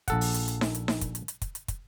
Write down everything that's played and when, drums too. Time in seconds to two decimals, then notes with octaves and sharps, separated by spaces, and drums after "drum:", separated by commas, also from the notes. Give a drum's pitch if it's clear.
0.08 A#1 A4 F#5, drum: kick, hi-hat
0.21 drum: open hi-hat
0.34 drum: hi-hat
0.48 drum: hi-hat
0.61 drum: snare D#4
0.75 drum: hi-hat
0.88 drum: snare D#4
1.01 drum: kick, hi-hat
1.15 drum: hi-hat
1.28 drum: hi-hat
1.42 drum: kick, hi-hat
1.55 drum: hi-hat
1.68 drum: kick, hi-hat